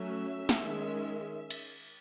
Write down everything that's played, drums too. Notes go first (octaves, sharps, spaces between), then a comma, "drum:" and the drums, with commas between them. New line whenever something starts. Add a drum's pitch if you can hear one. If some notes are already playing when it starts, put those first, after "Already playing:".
Already playing: F#3 A3 C#4 E5
drum: snare
D#3 G#3 C#4
drum: cymbal